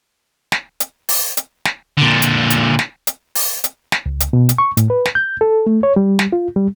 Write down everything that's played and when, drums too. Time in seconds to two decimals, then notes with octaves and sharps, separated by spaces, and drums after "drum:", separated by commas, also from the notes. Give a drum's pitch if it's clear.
0.52 drum: snare
0.80 drum: hi-hat
1.09 drum: open hi-hat
1.37 drum: hi-hat
1.65 drum: snare
1.98 A#2 D3
2.22 drum: hi-hat
2.50 drum: hi-hat
2.79 drum: snare
3.07 drum: hi-hat
3.35 drum: open hi-hat
3.64 drum: hi-hat
3.92 drum: snare
4.06 C#2
4.20 drum: hi-hat
4.33 B2
4.49 drum: hi-hat
4.58 C#6
4.77 A2, drum: hi-hat
4.90 B4
5.05 drum: snare
5.15 G6
5.41 A4
5.67 A3
5.83 C#5
5.96 G3
6.19 drum: snare
6.33 F4
6.56 G3